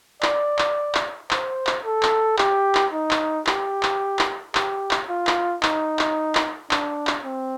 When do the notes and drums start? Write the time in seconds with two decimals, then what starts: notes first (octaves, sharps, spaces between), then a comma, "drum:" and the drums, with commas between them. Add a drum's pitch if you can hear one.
0.23 D5, drum: clap
0.59 drum: clap
0.95 drum: clap
1.31 C5, drum: clap
1.67 drum: clap
1.85 A4
2.03 drum: clap
2.38 G4, drum: clap
2.75 drum: clap
2.93 D#4
3.11 drum: clap
3.47 G4, drum: clap
3.83 drum: clap
4.19 drum: clap
4.55 G4, drum: clap
4.91 drum: clap
5.09 F4
5.27 drum: clap
5.63 D#4, drum: clap
5.99 drum: clap
6.35 drum: clap
6.71 D4, drum: clap
7.07 drum: clap
7.25 C4